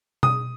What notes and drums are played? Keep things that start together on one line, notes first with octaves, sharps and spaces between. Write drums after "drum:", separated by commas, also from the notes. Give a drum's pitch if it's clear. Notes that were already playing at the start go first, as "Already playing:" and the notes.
D#6, drum: tom B2